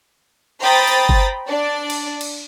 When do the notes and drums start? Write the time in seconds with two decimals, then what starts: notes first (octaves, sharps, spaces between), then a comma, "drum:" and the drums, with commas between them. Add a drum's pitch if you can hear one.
0.60 C5 G5 A#5 B5 D#6 A6
0.87 drum: tambourine
1.09 drum: kick G1
1.47 D4 D5
1.90 drum: cymbal
2.21 drum: cymbal